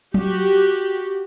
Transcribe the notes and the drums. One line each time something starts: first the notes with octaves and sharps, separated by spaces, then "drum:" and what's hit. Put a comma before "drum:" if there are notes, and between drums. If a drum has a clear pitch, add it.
F#4 G4, drum: tom F#3